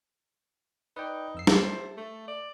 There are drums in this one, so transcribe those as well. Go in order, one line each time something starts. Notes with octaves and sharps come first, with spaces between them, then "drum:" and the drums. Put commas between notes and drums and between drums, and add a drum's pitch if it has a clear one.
D#4 B4 D5 G5
F2 E6 C7
C5 E5 A5, drum: snare
A3
D5